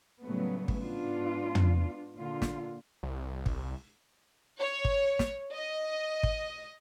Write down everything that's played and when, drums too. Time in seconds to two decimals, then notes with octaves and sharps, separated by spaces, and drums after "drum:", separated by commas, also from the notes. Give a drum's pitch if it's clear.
0.21 A2 C#3 F#3 G3 A3 B3
0.68 drum: kick G#1
0.81 G#2 B3 D4 F4
1.55 drum: tom
2.16 A#2 D3 A#3 F4
2.42 drum: snare
3.03 C2
3.46 drum: kick G#1
4.59 C#5
4.85 drum: kick G#1
5.19 drum: snare
5.54 D#5
6.23 drum: kick G#1